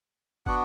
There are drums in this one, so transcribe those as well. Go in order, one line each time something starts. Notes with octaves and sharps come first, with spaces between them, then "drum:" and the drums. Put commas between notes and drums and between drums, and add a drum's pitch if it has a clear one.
B3 D4 F#4 F#5, drum: kick